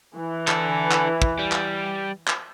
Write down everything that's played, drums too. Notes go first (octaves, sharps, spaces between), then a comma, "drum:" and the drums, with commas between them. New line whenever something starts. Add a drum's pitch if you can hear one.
E3
D4 A4, drum: clap
drum: clap
drum: kick
G3
drum: clap
drum: clap